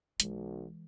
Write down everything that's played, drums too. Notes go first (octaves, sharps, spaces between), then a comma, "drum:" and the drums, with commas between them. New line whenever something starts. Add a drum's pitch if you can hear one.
B1 E3 G#3, drum: hi-hat